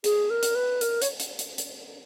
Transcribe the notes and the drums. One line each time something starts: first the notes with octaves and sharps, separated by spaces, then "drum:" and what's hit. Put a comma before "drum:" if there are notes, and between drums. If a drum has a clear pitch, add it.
G#4, drum: hi-hat
A#4
drum: hi-hat
B4
A#4, drum: hi-hat
C#5, drum: hi-hat
drum: hi-hat
drum: hi-hat
drum: hi-hat